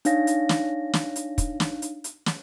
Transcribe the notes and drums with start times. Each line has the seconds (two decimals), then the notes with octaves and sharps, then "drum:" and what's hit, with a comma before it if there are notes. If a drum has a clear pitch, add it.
0.05 D4 D#4 C#5 F5 A#6, drum: hi-hat
0.27 drum: hi-hat
0.49 drum: snare
0.94 drum: snare
1.16 drum: hi-hat
1.38 drum: kick, hi-hat
1.60 drum: snare
1.82 drum: hi-hat
2.04 drum: hi-hat
2.26 drum: snare